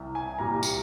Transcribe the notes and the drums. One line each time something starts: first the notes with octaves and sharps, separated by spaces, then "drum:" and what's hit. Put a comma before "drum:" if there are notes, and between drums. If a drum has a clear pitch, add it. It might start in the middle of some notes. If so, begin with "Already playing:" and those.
Already playing: C2
G#5
C2 A#2 G3 A#5
drum: tambourine